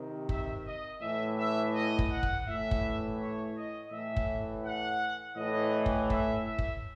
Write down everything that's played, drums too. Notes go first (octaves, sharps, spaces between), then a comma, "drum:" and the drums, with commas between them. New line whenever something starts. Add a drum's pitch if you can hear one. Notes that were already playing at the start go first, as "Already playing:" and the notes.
Already playing: C3 D#3
E5, drum: kick
D#5
A2 E3 E5
E5
D#5
drum: kick
F#5
drum: kick
A2 E3 E5
drum: kick
C#5
D#5
A2 E3 E5
drum: kick
F#5
A2 E3 D#5
drum: kick
E5, drum: kick
E5
drum: kick